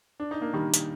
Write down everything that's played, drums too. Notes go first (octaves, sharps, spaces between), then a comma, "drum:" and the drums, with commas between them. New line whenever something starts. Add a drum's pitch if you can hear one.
D4
D#4
A#3 D4
D#3 G3
drum: hi-hat